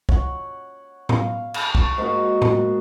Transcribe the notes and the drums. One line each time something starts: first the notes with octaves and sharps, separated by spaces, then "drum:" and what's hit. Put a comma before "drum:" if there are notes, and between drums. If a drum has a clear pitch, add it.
C#5 F#5, drum: kick
F5, drum: tom A2
drum: cymbal
C#6, drum: kick
G#2 A#3 F#4
drum: tom A2